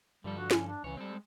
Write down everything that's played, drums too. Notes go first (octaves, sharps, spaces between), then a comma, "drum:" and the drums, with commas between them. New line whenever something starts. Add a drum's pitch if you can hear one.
G2 D3 F3 G3 A4
F#4
C#4, drum: snare
D4
C#2 C#3 E3 C#5
G3 G#3 C4 A4